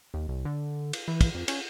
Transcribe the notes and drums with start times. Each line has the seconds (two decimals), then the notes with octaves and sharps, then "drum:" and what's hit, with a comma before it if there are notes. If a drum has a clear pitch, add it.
0.14 D#2
0.28 C2
0.45 D3
0.93 drum: cymbal
1.08 E3
1.21 drum: kick, cymbal
1.34 F2
1.48 C#4, drum: cymbal